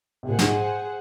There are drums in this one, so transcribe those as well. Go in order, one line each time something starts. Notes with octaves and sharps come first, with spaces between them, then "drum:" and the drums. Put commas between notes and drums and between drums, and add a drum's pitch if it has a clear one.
C3
A#2 G#4 C5 F#5
G#2, drum: snare